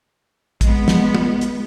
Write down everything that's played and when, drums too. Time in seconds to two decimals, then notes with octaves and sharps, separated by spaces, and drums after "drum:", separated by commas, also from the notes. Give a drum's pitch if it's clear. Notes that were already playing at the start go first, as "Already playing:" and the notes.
0.61 G#3 B3, drum: kick, hi-hat
0.88 drum: snare
1.15 drum: tom
1.41 drum: hi-hat